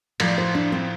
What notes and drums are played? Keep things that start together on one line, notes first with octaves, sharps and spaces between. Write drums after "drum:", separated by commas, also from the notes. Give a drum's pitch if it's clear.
A2 F3 D5, drum: cymbal
C5
D4
C4